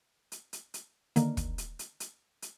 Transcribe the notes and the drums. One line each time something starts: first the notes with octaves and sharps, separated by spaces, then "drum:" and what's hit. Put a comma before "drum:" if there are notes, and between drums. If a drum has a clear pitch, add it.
drum: hi-hat
drum: hi-hat
drum: hi-hat
D3 D#3 A#3, drum: hi-hat
drum: kick, hi-hat
drum: hi-hat
drum: hi-hat
drum: hi-hat
drum: hi-hat